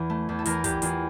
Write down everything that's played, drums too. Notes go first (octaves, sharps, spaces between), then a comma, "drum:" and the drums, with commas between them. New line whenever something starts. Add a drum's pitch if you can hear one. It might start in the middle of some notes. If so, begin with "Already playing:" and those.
Already playing: E2 E3
A3
E2
A4
E2 A#4, drum: hi-hat
E2 G4, drum: kick, hi-hat
E2 F4, drum: hi-hat